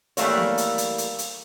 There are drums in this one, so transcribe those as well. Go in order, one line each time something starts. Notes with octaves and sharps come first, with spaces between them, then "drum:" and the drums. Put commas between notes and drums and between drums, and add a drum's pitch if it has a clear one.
E3 G3 A3 A#3 C#5, drum: hi-hat
drum: snare B3
drum: hi-hat
drum: hi-hat
drum: hi-hat
drum: hi-hat